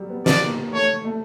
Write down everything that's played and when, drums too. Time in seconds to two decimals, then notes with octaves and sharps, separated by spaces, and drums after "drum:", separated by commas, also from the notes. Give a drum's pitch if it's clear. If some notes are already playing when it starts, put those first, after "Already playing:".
Already playing: F#3 G3
0.09 B3
0.26 D5, drum: snare
0.42 A#3
0.73 A3 C#5
1.04 A3